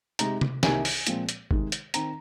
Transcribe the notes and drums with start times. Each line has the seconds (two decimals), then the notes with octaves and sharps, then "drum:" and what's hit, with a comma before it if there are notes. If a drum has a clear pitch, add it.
0.19 C3 G#3 D#4 A#5, drum: hi-hat
0.41 drum: tom
0.63 C2 C3 D#3 A#3 D#4 G#5, drum: snare
0.85 drum: open hi-hat
1.07 A#2 F3 G#3 C4, drum: hi-hat
1.29 drum: hi-hat
1.51 C3 D#3 G#3 D#4, drum: kick G1
1.72 drum: hi-hat
1.94 D#3 C4 D#4 A#5, drum: hi-hat